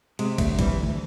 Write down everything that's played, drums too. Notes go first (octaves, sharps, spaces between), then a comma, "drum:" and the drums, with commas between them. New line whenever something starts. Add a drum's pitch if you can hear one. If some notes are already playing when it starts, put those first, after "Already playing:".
C3 G#3, drum: cymbal
D2 A3, drum: kick, cymbal
E3 G3, drum: kick, cymbal
D2